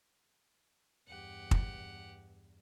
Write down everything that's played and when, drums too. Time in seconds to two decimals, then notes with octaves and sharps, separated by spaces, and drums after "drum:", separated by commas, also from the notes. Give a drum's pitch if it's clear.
1.08 E2 G2 G4 F#5
1.51 drum: kick